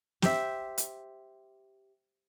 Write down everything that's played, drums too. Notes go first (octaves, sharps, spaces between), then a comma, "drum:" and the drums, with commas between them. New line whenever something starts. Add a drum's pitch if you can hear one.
G4 C5 E5, drum: snare
drum: hi-hat